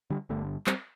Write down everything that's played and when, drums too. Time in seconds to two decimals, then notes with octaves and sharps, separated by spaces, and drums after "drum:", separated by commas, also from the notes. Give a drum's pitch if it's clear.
0.10 D3 G3
0.29 G1 G2 D3 A3 D4
0.67 G3 C4, drum: clap